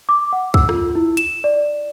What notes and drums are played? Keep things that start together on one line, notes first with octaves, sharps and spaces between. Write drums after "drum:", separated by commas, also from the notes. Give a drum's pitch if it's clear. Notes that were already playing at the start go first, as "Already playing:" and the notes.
D6
F#5
E6, drum: kick C2
F4, drum: rim click
E4
E7, drum: hi-hat
D5